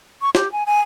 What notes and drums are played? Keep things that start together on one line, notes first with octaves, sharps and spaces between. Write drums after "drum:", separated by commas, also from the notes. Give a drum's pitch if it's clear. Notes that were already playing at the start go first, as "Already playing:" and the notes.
C#6
G4, drum: snare
G#5
G#5